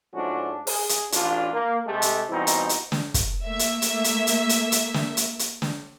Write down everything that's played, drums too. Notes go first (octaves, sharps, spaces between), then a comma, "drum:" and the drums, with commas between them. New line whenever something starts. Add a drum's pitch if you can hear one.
G#2 F3 A3 C#4 D4 F#4
G#4, drum: open hi-hat
drum: hi-hat
A1 D4 F4, drum: hi-hat
A#3
C3 G#3 A3 G4 A4
drum: hi-hat
B2 E3 G3 C4 D#4 E4
drum: hi-hat
drum: hi-hat
drum: snare
drum: kick, hi-hat
A3 A#3 E5
drum: hi-hat
drum: hi-hat
drum: hi-hat
drum: hi-hat
drum: hi-hat
drum: hi-hat
drum: snare
drum: hi-hat
drum: hi-hat
drum: snare